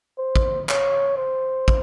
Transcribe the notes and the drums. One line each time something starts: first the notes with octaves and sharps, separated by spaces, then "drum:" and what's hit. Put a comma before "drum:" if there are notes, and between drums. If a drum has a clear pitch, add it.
C5
drum: kick
C#5, drum: clap
C5
drum: kick